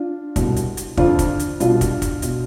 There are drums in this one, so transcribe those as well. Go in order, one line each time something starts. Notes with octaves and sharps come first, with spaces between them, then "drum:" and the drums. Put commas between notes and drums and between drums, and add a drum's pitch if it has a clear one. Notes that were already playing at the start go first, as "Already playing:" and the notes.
Already playing: D4 F4
C2 B2, drum: kick, hi-hat
drum: hi-hat
drum: hi-hat
F2 D3 F3 D4 F4, drum: kick
drum: kick, hi-hat
drum: hi-hat
C2 B2 D4 F4, drum: hi-hat
drum: kick, hi-hat
drum: kick, hi-hat
B2, drum: hi-hat